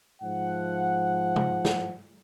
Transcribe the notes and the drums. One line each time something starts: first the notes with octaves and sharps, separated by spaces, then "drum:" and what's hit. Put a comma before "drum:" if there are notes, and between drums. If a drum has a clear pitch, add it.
G#2 F3 F#5
drum: tom C3
drum: snare